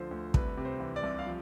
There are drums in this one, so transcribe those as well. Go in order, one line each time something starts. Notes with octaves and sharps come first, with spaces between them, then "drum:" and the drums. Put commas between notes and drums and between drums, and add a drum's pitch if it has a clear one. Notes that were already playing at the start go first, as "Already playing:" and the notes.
Already playing: D2 D3 F3 C5
D2
C2 B4, drum: kick
C3
C5
E3
D5
C2
F5
F3